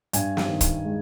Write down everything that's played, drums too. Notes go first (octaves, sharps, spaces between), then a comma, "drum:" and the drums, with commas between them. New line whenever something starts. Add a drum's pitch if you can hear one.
G2 G#5, drum: hi-hat
drum: snare
D#3
drum: kick, hi-hat
G#3